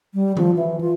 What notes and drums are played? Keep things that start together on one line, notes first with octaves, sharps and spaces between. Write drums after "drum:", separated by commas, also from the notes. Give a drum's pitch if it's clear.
G3
F3, drum: tom D#3
E3
F4